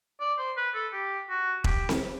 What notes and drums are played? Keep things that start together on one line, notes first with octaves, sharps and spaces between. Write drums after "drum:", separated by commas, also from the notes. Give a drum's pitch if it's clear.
D5
C5
B4
A4
G4
F#4
G4, drum: kick E1
drum: snare C4